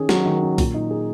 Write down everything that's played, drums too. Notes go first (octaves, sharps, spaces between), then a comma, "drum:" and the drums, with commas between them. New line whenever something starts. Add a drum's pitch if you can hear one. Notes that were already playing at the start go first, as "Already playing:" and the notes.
Already playing: D#3 C#4 G#4
F#3, drum: snare
D#3
C#4
A#2, drum: kick B1, open hi-hat
D#4
G#4